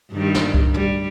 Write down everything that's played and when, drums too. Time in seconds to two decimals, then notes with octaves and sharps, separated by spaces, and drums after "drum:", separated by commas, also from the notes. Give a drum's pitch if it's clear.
0.12 G2 D#3 G3
0.34 drum: snare
0.54 drum: kick C2
0.74 G3, drum: tom